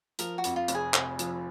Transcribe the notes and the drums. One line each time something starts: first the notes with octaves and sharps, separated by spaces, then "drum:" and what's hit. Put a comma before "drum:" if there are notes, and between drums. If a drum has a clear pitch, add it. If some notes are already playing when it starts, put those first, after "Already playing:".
F3 A#4, drum: hi-hat
F#4
F2, drum: hi-hat
F4
F1, drum: hi-hat
G#4
C3, drum: clap
F3, drum: hi-hat